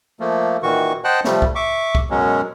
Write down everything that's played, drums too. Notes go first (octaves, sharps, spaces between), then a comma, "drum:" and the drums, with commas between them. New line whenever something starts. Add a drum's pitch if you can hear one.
F3 A3 A#3
A#2 D#3 E3 F#4 C#6
C5 D#5 F#5 G5 A5 F#6
C3 F3 G3 A3, drum: snare
drum: kick
E5 C#6 D6
drum: kick
F#2 B2 F#3 G#3 C#4